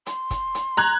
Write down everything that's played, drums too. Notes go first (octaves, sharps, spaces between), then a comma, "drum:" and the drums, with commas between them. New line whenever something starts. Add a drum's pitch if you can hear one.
C6, drum: hi-hat
drum: kick, hi-hat
drum: hi-hat
A#5 F#6 G#6